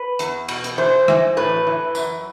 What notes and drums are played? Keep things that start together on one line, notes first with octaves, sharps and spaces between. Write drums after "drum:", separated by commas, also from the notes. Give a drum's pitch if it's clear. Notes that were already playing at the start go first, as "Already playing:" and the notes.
Already playing: B4
E2, drum: hi-hat
B2, drum: cymbal
drum: hi-hat
E3 C5
E3, drum: rim click
A2 B4
E3
F#2, drum: tambourine